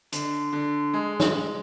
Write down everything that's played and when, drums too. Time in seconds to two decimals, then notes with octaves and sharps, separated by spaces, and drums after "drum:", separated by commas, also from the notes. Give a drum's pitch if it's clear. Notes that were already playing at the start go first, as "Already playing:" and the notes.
0.12 D3, drum: hi-hat
0.53 D3
0.93 G#3
1.20 drum: snare